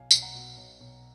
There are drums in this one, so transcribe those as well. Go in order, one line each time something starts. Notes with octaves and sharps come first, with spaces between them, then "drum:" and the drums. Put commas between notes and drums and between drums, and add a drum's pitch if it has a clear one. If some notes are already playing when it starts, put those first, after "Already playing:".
Already playing: B1 F5 G#5
B1, drum: tambourine
F#5 A#5
B2
B1
B1